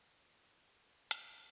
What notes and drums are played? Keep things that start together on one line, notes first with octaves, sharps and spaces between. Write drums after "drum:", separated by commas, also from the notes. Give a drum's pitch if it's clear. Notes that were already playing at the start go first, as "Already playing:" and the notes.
A3 F4 G4
E2 F#3 C4 C#4 B4 D5 F#5
F3 G#3 F#4, drum: hi-hat